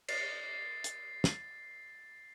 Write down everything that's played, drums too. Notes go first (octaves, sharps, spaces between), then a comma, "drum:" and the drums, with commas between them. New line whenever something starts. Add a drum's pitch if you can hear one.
A6 C7, drum: cymbal
drum: hi-hat
drum: snare